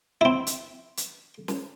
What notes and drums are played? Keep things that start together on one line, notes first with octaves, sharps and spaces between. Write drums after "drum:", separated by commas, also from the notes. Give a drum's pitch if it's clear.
C4 E4
drum: hi-hat
drum: hi-hat
drum: snare